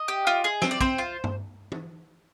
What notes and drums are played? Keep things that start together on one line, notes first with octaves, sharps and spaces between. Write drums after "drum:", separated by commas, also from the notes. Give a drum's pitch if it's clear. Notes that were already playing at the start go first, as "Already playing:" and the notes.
Already playing: D#5
G4
F4
G#4
C4, drum: snare
D5
C4 C5, drum: kick
F4
drum: tom G2
drum: tom